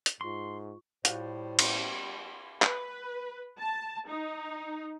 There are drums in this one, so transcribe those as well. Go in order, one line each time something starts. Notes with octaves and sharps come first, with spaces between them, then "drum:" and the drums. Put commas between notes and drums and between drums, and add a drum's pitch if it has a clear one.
drum: hi-hat
G#2 F4 C6 C#6
A2 G3 F4 F#4 C5, drum: hi-hat
drum: cymbal
B4, drum: clap
A5
D#4